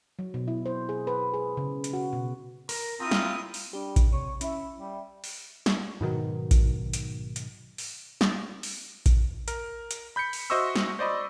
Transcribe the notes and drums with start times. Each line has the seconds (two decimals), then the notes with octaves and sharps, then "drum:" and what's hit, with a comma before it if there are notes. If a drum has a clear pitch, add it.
0.19 F#3
0.34 B2
0.48 E4
0.66 C5
0.89 G#4
1.07 B4
1.34 G#4
1.57 C#3
1.84 drum: hi-hat
1.93 F#4
2.13 B2
2.69 A#4, drum: open hi-hat
3.00 C4 E4 F4 A#5 D#6
3.11 drum: snare
3.54 drum: open hi-hat
3.73 G3 D4 G4
3.96 drum: kick A1, hi-hat
4.13 C3 C#5
4.41 C#4 E4 E5, drum: hi-hat
4.79 G3
5.24 drum: open hi-hat
5.66 drum: snare
6.01 G#2 B2 D#3 F#3
6.51 drum: kick A1, hi-hat
6.93 drum: hi-hat
7.36 drum: hi-hat
7.78 drum: open hi-hat
8.21 drum: snare
8.63 drum: open hi-hat
9.06 drum: kick A1, hi-hat
9.48 A#4, drum: hi-hat
9.91 drum: hi-hat
10.16 B5 G6 B6 C#7
10.33 drum: open hi-hat
10.50 F#4 C5 D#5 E5 C#6 E6
10.76 drum: snare
10.99 C5 D5 D#5 B5 C#6